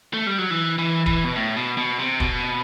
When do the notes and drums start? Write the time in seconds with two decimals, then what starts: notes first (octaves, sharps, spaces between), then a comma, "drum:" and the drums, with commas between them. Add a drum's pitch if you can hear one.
0.14 A3
0.27 G3
0.38 F#3
0.51 E3
0.78 E3
1.06 E3, drum: kick
1.24 B2
1.36 A2
1.56 B2
1.78 B2
1.99 C3
2.20 B2, drum: kick